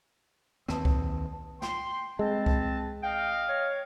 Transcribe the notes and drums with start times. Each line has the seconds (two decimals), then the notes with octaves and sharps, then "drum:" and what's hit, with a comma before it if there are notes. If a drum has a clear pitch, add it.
0.68 D#2 C4 B4 A5 D#6, drum: rim click
0.85 drum: kick C2
1.62 G5 C6, drum: snare
2.19 G#3 C4 B4 A5
2.46 drum: kick C2
3.03 D#5 F5 G5
3.49 C#5